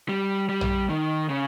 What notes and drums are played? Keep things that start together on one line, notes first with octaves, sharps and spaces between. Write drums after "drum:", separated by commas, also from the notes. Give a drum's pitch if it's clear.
G3
G3
drum: tom A#1
D#3
C#3